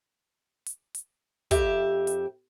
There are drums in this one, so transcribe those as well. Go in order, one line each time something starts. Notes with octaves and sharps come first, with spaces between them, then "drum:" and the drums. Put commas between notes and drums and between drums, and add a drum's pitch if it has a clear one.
drum: hi-hat
drum: hi-hat
F2 G4 E5, drum: kick, hi-hat
drum: hi-hat